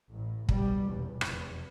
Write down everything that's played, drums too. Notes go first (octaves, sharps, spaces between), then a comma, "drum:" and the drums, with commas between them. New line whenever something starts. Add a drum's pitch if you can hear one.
A1 A2
C2 B2 G3, drum: kick
F1 E2 B2
F1 E2 B2, drum: rim click